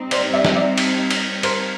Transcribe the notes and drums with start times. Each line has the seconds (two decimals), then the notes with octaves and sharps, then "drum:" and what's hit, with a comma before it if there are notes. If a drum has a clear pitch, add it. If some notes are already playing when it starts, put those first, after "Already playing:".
Already playing: G3 C4 D#4
0.11 C5 D5, drum: cymbal
0.33 D5 E5
0.45 drum: snare
0.55 D5 E5
0.78 drum: cymbal
1.11 drum: cymbal
1.43 A#4 C5, drum: cymbal